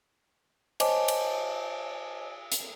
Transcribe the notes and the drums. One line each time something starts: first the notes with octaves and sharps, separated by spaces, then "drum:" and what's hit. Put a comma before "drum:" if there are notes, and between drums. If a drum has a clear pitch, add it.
C5 C#5 D#5 G#5 A5 D6, drum: cymbal
drum: cymbal
drum: hi-hat